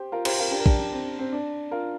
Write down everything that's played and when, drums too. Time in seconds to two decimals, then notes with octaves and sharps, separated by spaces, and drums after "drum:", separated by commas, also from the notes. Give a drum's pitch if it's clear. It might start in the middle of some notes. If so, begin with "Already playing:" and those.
Already playing: G4 C5
0.12 F4 A#4
0.25 G4 C5, drum: cymbal
0.39 F4 A#4
0.52 D4 G4
0.60 A#4
0.66 D4 G4, drum: kick
0.79 D4
0.93 C4
1.19 C4
1.33 D4
1.71 F4 A#4